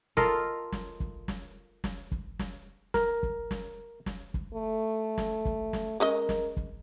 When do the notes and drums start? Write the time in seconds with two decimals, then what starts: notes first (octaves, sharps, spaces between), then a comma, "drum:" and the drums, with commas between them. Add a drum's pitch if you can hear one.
0.17 F4 A4 A#4 D#5, drum: snare
0.72 drum: snare
1.00 drum: kick
1.28 drum: snare
1.84 drum: snare
2.12 drum: kick
2.39 drum: snare
2.94 A#4, drum: snare
3.23 drum: kick
3.51 drum: snare
4.06 drum: snare
4.34 drum: kick
4.54 A3
5.18 drum: snare
5.45 drum: kick
5.73 drum: snare
6.00 G#3 C#4 A#4 D#5
6.29 drum: snare
6.57 drum: kick